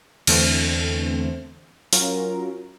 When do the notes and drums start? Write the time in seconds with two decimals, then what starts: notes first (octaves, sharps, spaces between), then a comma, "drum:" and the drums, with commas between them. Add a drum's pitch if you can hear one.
0.27 E2 D3 E3 A3 C4, drum: cymbal
1.93 F#3 C#4 F4 A#4, drum: open hi-hat